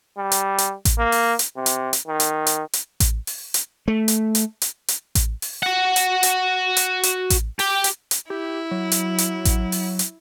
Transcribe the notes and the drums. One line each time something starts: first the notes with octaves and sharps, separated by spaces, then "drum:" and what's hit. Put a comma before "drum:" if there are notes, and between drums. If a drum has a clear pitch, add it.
G3
drum: hi-hat
drum: hi-hat
drum: kick A1, hi-hat
A#3
drum: open hi-hat
drum: hi-hat
C3
drum: hi-hat
drum: hi-hat
D#3
drum: hi-hat
drum: hi-hat
drum: hi-hat
drum: kick A1, hi-hat
drum: open hi-hat
drum: hi-hat
A3
drum: hi-hat
drum: hi-hat
drum: hi-hat
drum: hi-hat
drum: kick A1, hi-hat
drum: open hi-hat
F#4 F#5
drum: hi-hat
drum: hi-hat
drum: hi-hat
drum: hi-hat
drum: kick A1, hi-hat
G4, drum: open hi-hat
drum: hi-hat
drum: hi-hat
E4 G4
F#3
drum: hi-hat
drum: hi-hat
drum: kick A1, hi-hat
drum: open hi-hat
drum: hi-hat